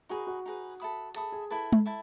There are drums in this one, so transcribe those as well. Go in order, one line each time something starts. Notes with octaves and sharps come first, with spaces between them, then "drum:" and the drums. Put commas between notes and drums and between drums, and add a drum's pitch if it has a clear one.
D#4 F#4 G#4 B4
F#4
D#4 G#4 B4
A4 E5 B5 D#6
G#4 A4 E5 B5 D#6, drum: hi-hat
G#4
E4 A4 B4 E5 A5
drum: tom G#3
E4 E5 A5